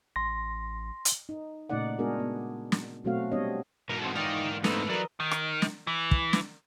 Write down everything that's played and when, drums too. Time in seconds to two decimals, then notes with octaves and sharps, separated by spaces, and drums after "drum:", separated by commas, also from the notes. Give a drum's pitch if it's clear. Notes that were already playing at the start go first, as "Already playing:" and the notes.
0.16 A1 C6 A#6
1.05 drum: hi-hat
1.29 D#4
1.70 A#2 C#3 A3 D#4 D5 F#5
1.99 G#3 B3 D4 F#4 G#4 A#4
2.20 B3
2.72 drum: snare
3.04 B2 F#3 A3 C4 F#4 F5
3.32 G3 B3 C4 D4 C#5 D#5
3.89 G#2 B2 E3 A#4
4.02 C4 F#4 A4
4.15 D#4 F4 A#4 C#5 D5 G5
4.64 A3 A#3 C4 D#4 E4 A4 B4, drum: snare
4.90 E3 F#3 A#4 D5 D#5
5.20 D#3
5.31 drum: rim click
5.62 drum: snare
5.87 E3
6.11 drum: kick
6.33 drum: snare